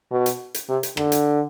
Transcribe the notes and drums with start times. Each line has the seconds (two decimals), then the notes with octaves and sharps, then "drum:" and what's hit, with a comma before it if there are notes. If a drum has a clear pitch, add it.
0.11 B2
0.26 drum: hi-hat
0.54 drum: hi-hat
0.69 C3
0.83 drum: hi-hat
0.97 D3, drum: rim click
1.12 drum: hi-hat